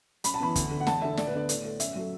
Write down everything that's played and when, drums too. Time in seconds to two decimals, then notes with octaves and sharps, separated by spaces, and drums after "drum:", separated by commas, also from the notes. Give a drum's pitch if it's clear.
0.24 F#2 B5, drum: hi-hat
0.34 A5
0.40 E3 B3 B5
0.56 D2, drum: kick, hi-hat
0.71 D3 B3
0.80 F#5
0.87 E2 A5, drum: snare
1.02 D3 A3 E5
1.17 D2 D5, drum: snare
1.27 B4
1.33 D3 B3 D5
1.49 A2, drum: hi-hat
1.64 A3
1.80 F#2 E5, drum: hi-hat
1.95 F#3 A3